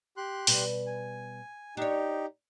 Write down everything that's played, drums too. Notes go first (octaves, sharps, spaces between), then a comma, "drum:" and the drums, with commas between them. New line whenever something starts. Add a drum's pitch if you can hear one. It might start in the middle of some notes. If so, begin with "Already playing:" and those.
G4 C6 F#6
B2 G3 B4, drum: open hi-hat
G#5
D4 D#4 G4 C#5